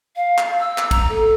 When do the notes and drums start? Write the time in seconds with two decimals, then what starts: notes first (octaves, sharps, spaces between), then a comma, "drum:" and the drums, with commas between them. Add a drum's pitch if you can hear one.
0.16 F5
0.38 drum: clap
0.60 E6
0.78 drum: clap
0.91 A#5, drum: kick, cymbal
1.09 A4